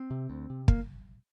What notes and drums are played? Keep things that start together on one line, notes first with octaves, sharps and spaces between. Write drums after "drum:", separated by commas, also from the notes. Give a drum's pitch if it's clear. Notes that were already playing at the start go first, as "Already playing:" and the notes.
Already playing: C4
C3
D2
C3
A#3, drum: kick